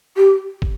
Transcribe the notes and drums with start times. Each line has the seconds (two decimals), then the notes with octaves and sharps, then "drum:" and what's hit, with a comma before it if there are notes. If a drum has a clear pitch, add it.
0.17 G4
0.62 drum: kick